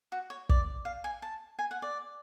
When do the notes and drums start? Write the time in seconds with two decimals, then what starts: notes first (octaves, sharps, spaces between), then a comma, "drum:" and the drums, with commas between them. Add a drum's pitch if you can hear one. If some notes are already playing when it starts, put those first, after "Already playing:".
0.12 F#4
0.30 C#5
0.49 D5, drum: kick
0.85 F5
1.04 G#5
1.22 A5
1.59 G#5
1.71 F#5
1.82 D5